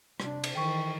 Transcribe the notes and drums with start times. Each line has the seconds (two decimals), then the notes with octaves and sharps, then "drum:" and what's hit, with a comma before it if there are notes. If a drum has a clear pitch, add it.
0.20 C3 D4, drum: rim click
0.44 drum: cymbal
0.55 D#3 E3 G5 C#6